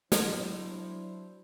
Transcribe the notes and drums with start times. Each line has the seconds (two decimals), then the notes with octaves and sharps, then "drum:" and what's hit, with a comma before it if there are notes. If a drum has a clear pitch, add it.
0.12 F#3 D4 E4 C5, drum: snare